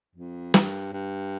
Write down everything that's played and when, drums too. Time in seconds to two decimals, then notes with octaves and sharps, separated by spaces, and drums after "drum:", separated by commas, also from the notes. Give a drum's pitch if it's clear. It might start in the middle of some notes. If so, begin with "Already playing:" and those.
0.15 F2
0.54 G2, drum: snare
0.93 G2